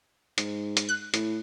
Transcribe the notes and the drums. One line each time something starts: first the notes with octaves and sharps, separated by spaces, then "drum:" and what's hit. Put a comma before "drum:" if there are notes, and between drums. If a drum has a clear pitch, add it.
G#2, drum: hi-hat
drum: hi-hat
F#6
A2, drum: hi-hat